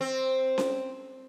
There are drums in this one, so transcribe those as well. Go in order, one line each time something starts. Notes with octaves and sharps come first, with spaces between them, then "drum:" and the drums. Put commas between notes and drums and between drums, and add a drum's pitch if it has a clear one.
C4
drum: snare C#4